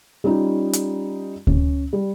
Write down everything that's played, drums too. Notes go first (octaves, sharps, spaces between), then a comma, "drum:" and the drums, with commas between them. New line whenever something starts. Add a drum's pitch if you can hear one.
G3 C#4 D#4 F4
drum: hi-hat
C#4, drum: kick D2
G3